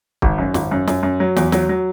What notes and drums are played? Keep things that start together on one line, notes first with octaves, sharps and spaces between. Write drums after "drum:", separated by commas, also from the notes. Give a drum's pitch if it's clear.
G#1, drum: kick
F#2
G#1, drum: snare
F#2
F#2, drum: snare
F#2
F#3
E2, drum: snare
F#3, drum: snare
F#3